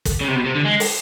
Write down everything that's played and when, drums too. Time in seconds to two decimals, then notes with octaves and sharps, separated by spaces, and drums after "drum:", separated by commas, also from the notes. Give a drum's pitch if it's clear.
0.05 drum: kick, hi-hat
0.21 C#3
0.28 C3
0.35 B2
0.46 C3
0.55 D3
0.65 G#3
0.80 drum: open hi-hat